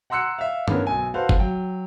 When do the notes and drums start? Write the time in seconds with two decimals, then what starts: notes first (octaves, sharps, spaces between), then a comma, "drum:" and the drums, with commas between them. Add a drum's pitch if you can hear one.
0.10 F#5 A#5 C6 E6 F#6 C#7
0.38 E5 F5
0.68 D3 E3 B3 C#4 A#4, drum: tom G2
0.87 B1 G#5
1.14 F#4 A4 B4 C5 F5
1.29 drum: kick
1.39 F#3 G5